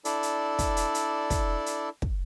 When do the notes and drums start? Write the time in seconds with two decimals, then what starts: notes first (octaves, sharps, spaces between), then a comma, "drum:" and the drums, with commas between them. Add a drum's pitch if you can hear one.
0.05 D4 E4 A4 D5, drum: hi-hat
0.23 drum: hi-hat
0.59 drum: kick, hi-hat
0.77 drum: hi-hat
0.95 drum: hi-hat
1.30 drum: kick, hi-hat
1.66 drum: hi-hat
2.02 drum: kick